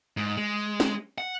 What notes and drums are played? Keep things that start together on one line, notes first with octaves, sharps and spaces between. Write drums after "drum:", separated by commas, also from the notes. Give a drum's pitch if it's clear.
G#2
G#3
drum: snare
F#5